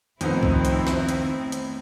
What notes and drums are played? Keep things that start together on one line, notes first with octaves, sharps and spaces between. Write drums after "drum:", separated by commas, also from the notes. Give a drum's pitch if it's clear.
F2 A2 D#3 B3 C4 D#4 E4 C5, drum: hi-hat
drum: kick C2
drum: hi-hat
drum: snare
drum: hi-hat
drum: hi-hat